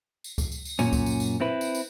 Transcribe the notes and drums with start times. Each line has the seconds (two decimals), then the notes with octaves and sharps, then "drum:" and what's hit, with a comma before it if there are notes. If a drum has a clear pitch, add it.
0.24 drum: tambourine
0.38 drum: kick C#2, tambourine
0.52 drum: tambourine
0.65 drum: tambourine
0.79 F#2 A#2 C#4, drum: tambourine
0.93 drum: kick C#2, tambourine
1.06 drum: tambourine
1.20 drum: tambourine
1.40 C4 E4 B4
1.61 drum: tambourine
1.75 drum: tambourine